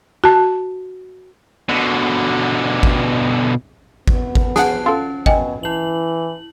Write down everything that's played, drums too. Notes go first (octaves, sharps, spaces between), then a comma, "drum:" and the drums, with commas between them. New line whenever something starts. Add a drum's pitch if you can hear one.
F#4 A5
B2 D3
drum: kick G#1
B3, drum: kick G#1
drum: kick G#1
G#4 F#5 A5 F#6 C7, drum: snare
C#4 F4 A4
B2 D#5 G5 G#5, drum: kick G#1
E3 E4 F#7